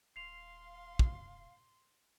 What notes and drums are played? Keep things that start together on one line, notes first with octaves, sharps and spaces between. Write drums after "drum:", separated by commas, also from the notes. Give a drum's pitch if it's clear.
D#1 F5 C6 C7 F7
drum: kick